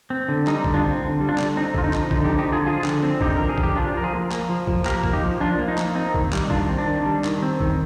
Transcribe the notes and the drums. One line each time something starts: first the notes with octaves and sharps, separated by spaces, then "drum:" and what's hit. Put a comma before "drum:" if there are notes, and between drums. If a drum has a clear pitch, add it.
C4
D3
G3 D#4, drum: clap
D3, drum: kick A1
D4 F4
C4
D3
G3
D4 F4
D3, drum: clap
C4 D#4
D3 F4, drum: kick A1
D#4
F3, drum: clap
D3 D#4, drum: kick A1
D#4 G4
C4
D#4 G4
D3 F4 G#4
F3 F4 G#4
D3, drum: clap
C4
D3 D#4 G4, drum: kick A1
F3 A#4
G#4
D3, drum: kick A1
G4
F3 D4 F4
F3 A#4
F4 G#4
A#3
A#3, drum: clap
F3
F3, drum: kick A1
A#3 G4 A#4, drum: clap
A#3, drum: kick A1
D#4 G4
F3
F3 D4 F4
A#3
D#4
A#3, drum: clap
C4 D#4
D#3, drum: kick A1
G3, drum: clap
D#3 D4 F4, drum: kick A1
C4
D4
D#3
G3
D#3, drum: clap
C4
D#3, drum: kick A1